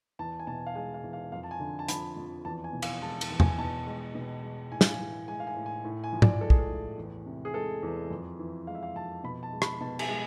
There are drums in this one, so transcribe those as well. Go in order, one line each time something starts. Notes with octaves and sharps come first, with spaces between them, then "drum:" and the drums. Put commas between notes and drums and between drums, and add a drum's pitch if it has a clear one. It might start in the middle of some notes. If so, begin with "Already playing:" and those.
E2 A5
G#5
B2 A5
F5
G#3 G#5
F5
E2
F5
F2 F5
A5
G#5
D3
A5
F3 B5, drum: hi-hat
F2
E2 A5
G#5
B2
F5, drum: cymbal
G#3 A5
A5, drum: cymbal
E2
G#5, drum: tom E2
B2 A5
G#3
B2
G#3
A2 G#5
F5, drum: snare
G#5
E3
G#3 G#5
F5
G#5
A2
G#5
A2
G#5
F3
D5, drum: tom G#2
G#3 A4
G#4, drum: kick
A4
A2
E2
C3
G#4
G#3 A4
E2
F2
E3
G#3 F5
E5
F5
F2 A5
B2 B5
A5
G#3
B5, drum: rim click
B2 A5
G#5, drum: cymbal
G#3